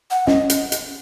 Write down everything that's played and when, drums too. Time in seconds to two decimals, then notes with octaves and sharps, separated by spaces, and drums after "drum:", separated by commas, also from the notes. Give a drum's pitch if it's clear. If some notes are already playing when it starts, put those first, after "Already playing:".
0.11 F#5
0.27 C#4 D#5, drum: snare
0.50 drum: hi-hat
0.72 drum: hi-hat